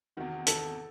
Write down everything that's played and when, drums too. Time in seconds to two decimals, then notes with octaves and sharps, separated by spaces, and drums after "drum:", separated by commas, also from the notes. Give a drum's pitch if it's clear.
0.17 E2 C3 D#3 F#4
0.47 E2 C3 D#3 A4, drum: hi-hat